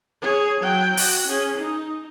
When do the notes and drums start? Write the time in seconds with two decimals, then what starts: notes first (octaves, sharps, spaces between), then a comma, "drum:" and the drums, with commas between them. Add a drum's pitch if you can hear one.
0.22 G#4 C#5
0.61 F#3 G5
0.97 F#4, drum: open hi-hat
1.28 C#4 G#4
1.58 D#4